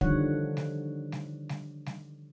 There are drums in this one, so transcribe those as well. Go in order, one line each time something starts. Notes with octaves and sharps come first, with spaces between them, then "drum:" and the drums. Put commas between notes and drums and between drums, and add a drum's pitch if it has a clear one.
D3 D#3 F3 G3 C#5 F#5, drum: kick
drum: snare G3
drum: snare G3
drum: snare G3
drum: snare G3